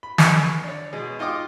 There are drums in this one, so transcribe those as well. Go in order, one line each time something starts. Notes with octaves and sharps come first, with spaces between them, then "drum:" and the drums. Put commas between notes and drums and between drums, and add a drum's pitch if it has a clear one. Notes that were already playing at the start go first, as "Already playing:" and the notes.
B5
D#5 G#5 B5 C#6, drum: snare
D4 C#5
B2 G#3
D#4 F4 D#5 G5 D6 D#6